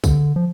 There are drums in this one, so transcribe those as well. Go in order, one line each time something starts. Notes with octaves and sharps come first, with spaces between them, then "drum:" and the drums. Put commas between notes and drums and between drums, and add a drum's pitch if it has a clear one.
D3, drum: kick, tambourine
F3